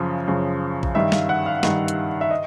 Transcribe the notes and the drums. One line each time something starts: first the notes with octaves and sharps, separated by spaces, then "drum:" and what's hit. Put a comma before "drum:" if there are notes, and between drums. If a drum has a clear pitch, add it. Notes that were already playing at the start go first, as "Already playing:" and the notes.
Already playing: F#2 C#3 F3
F#2 C#3 F3
drum: kick
G2 D#3 E5
F5, drum: snare
F#5
F5
G2 D#3, drum: snare
drum: hi-hat
E5
D#5